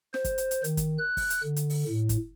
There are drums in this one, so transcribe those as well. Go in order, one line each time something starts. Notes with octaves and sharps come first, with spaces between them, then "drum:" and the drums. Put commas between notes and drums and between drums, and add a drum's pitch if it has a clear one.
C5, drum: snare
drum: kick, hi-hat
drum: hi-hat
drum: hi-hat
D#3, drum: hi-hat
drum: kick, hi-hat
F#6
drum: kick, open hi-hat
drum: hi-hat
D3
drum: hi-hat
drum: open hi-hat
A2
drum: kick, hi-hat